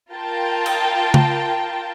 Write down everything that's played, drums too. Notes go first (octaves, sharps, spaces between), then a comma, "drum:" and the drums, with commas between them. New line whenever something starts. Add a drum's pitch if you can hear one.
F4 A#4 G5 A5
drum: cymbal
drum: tom C#3